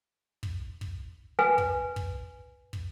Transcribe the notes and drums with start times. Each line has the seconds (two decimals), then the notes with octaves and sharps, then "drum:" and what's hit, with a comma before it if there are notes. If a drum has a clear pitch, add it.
0.43 drum: kick
0.81 drum: kick
1.39 B4 G#5
1.58 drum: kick
1.96 drum: kick
2.73 drum: kick